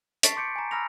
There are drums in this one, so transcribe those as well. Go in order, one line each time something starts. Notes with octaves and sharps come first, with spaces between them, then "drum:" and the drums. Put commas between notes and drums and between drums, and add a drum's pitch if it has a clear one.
A5 C#6 A6 B6 C7 D7, drum: hi-hat
C6 D6 G6 C#7 D7
G#5 A#5
A#5 B5 E6 F6 A#6 F7